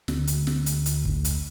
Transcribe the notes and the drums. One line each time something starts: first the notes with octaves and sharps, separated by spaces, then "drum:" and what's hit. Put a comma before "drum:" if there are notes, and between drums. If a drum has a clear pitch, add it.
D2, drum: snare
drum: hi-hat
drum: snare
drum: hi-hat
drum: hi-hat
drum: kick
drum: hi-hat